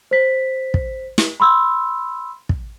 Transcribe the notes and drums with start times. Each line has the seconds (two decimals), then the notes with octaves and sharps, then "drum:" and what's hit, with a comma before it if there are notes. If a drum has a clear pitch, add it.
0.11 C5 B6
0.74 drum: kick
1.18 drum: snare
1.40 B5 C6 E6
2.49 drum: kick